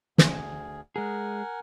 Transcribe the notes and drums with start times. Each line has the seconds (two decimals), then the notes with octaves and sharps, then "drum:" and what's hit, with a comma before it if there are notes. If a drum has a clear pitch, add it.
0.18 D2 G#4, drum: snare
0.96 G#3 G#4 A#4 F#5 G#5